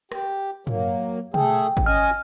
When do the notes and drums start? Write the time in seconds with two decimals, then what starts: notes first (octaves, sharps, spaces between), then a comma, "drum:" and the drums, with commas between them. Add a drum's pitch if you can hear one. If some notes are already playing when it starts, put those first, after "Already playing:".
0.12 G4, drum: rim click
0.67 F#3 A#3, drum: tom
1.34 A3 G#4 A4 G5, drum: tom
1.77 drum: kick G#1
1.86 C#4 D#5 G#5 F6